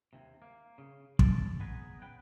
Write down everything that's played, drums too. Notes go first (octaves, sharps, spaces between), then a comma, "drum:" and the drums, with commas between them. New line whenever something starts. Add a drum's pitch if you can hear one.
D#2 C3
A#3
C#3
C#4 A4 D5, drum: kick
B3 D#4 G#4 B4
C#4 B4 F#5 G5